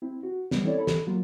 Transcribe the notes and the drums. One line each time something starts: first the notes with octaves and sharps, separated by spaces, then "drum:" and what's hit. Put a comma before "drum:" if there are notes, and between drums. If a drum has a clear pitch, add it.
C4 E4
F#4
E3 G3 B3 C#4, drum: snare
C4 E4 A4 C#5 D5
A4 B5
drum: snare
F#3 A#3 F4